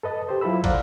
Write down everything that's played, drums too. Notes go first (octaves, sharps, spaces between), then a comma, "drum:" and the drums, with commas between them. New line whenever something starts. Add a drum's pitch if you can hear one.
A4 B4 D#5 A5
G4 C5
F#3 E4 F4 A4 B5 E6
C5 D5 F5 F#5 A#5, drum: kick, cymbal